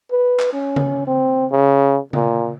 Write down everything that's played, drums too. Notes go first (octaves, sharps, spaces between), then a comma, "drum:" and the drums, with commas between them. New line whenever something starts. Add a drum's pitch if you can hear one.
B4
drum: clap
C#4
drum: tom C#3
C4
C#3
A#2, drum: tom C#3